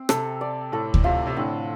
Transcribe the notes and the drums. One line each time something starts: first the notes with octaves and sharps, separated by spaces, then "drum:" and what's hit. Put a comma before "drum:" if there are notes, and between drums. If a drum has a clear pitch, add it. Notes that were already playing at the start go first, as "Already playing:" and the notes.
Already playing: C4
C3 A4, drum: rim click
D5
A2 A4
drum: kick D2
C3 F4
C3
A2 D3 C4